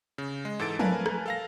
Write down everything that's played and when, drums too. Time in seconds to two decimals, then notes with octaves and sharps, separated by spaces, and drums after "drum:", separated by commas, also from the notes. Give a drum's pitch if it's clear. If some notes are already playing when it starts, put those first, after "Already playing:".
0.18 C#3
0.45 G#3
0.59 G#2 E3 A4 A6 D7
0.79 A3 A#4 B4 F5 G#5 A5, drum: tom F3
1.06 drum: rim click
1.26 A4 F5 A#6